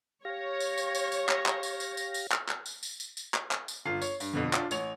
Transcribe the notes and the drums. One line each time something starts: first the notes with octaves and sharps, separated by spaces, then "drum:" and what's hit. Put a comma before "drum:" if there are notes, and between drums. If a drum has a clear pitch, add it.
G4 C#5 F5 A#6
drum: tambourine
drum: tambourine
drum: tambourine
drum: tambourine
drum: clap
drum: clap
drum: tambourine
drum: tambourine
drum: tambourine
drum: tambourine
drum: clap
drum: clap
drum: tambourine
drum: tambourine
drum: tambourine
drum: tambourine
drum: clap
drum: clap
drum: tambourine
G1 F4 C7
C#5, drum: tambourine
G2, drum: tambourine
F2 B2 D3
D4 F4, drum: clap
A1 C#5 F7, drum: tambourine